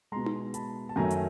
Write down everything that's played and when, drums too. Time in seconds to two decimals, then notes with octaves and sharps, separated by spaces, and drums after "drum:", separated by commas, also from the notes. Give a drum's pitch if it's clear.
0.12 B2 G#3 A#5 C6
0.26 drum: tom D#4
0.54 A5 B5, drum: hi-hat
0.89 A5
0.96 F#2 D#3 F#3 A3 G#5 A#5
1.10 drum: hi-hat